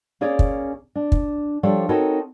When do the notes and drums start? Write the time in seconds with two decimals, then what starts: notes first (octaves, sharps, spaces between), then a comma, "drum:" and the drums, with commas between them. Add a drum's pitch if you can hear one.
0.21 A#3 C#4 G#4 C#5 D5
0.39 drum: kick
0.95 D4
1.12 drum: kick
1.63 F3 G3 D4 A4 C5 C#5
1.89 C4 D#4 F#4 A4 A#4 C#5